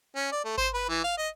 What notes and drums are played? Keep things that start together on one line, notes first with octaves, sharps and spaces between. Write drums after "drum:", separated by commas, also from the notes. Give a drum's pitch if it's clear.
C#4
D5
A3
C5, drum: kick G#1
B4
E3
F5
D#5